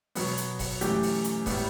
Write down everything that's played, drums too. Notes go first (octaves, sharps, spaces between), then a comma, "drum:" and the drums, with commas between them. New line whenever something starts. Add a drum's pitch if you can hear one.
B2 F#3 B3, drum: open hi-hat
drum: hi-hat
drum: kick E1, open hi-hat
F#2 E3 A3 G4, drum: hi-hat
drum: open hi-hat
drum: hi-hat
A2 G3 B3, drum: kick E1, open hi-hat